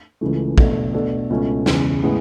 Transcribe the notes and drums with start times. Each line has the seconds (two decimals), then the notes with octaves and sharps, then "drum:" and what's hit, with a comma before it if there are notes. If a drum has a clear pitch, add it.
0.21 C#2 C#3 E3 A3
0.58 B2 A3 D4 A4, drum: kick
0.94 B2 A3 D4 A4
1.30 C#2 B2 A3 C#4
1.66 E2 C#3 E3, drum: snare
2.03 A2 G#3 B3